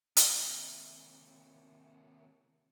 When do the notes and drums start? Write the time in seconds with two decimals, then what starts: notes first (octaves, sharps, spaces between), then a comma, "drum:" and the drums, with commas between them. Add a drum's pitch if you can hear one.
0.17 D#2 C3, drum: hi-hat